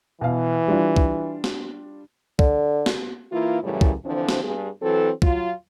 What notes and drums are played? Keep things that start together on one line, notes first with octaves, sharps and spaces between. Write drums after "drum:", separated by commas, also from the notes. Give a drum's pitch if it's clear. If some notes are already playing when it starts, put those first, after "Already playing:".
B2 E3 F5
G3 D4 F4
drum: kick
drum: snare
D3, drum: kick
drum: snare
E3 A#3 E4 F4
F#2 A2 C#3 E3 G3
drum: kick
D3 E3 F3 C4 D4
drum: snare
G2 G#4
E3 F#3 C4 A4
F#3 F4, drum: kick